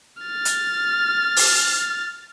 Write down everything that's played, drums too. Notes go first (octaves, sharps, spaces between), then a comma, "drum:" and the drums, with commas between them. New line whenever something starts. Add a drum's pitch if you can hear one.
F6 A6
drum: hi-hat
drum: open hi-hat